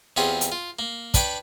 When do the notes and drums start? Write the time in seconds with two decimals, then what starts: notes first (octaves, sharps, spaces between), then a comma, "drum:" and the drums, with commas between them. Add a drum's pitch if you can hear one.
0.17 E2 C4 F4 G4 G#4 C#5
0.41 drum: hi-hat
0.52 F4
0.79 A#3
1.14 D4 B4 C#5 G5 D6, drum: kick, hi-hat